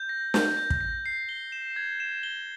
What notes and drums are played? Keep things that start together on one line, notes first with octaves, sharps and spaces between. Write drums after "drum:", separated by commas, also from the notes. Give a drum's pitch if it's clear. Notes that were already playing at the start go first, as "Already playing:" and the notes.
Already playing: G6
A#6
G6, drum: snare
G6
drum: kick
A#6
C7
G7
E7
G#6
E7
G7